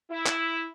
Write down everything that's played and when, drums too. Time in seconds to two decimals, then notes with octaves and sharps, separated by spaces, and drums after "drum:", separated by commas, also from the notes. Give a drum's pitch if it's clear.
0.11 E4
0.26 drum: clap